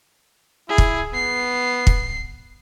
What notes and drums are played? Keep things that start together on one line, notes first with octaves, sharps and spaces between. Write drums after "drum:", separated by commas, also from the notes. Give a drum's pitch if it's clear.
E4 G#4
drum: kick
B3 C7
drum: kick